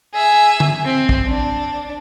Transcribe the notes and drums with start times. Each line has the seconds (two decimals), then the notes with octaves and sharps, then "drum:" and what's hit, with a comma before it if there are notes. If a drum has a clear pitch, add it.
0.13 G#4 E5
0.60 drum: tom
0.85 C4
1.09 drum: kick
1.28 D4